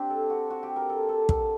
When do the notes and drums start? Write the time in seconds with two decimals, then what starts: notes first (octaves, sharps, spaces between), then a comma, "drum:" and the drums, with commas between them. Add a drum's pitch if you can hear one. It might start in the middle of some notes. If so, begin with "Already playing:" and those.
Already playing: C4 D4 G4
0.10 A4
0.30 F#4
0.50 F#4
0.63 G4
0.76 A#4
0.89 A4
1.09 A4
1.29 A4, drum: kick